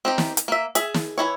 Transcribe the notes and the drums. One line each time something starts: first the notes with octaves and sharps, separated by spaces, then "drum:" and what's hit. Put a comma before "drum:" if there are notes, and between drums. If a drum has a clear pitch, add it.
C4 D#4 G4
drum: snare
drum: hi-hat
A#3 E5
G#4 E5, drum: hi-hat
drum: snare
E3 F3 E4 C#5